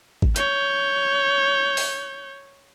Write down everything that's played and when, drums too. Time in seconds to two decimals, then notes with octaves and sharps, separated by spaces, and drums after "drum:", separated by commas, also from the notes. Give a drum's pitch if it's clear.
0.22 drum: kick
0.36 C#5 G6, drum: hi-hat
1.77 drum: open hi-hat